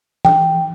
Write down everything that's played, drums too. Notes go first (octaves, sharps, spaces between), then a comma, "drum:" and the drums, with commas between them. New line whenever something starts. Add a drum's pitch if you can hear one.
G5, drum: tom E3